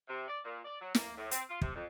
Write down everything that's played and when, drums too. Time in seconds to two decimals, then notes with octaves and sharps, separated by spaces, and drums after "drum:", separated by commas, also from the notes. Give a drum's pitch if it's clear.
0.07 C3
0.27 D5
0.43 A#2
0.65 D5
0.81 F#3
0.95 A#3, drum: snare
1.17 A2
1.31 C4, drum: hi-hat
1.50 F4
1.61 C3, drum: kick
1.75 F2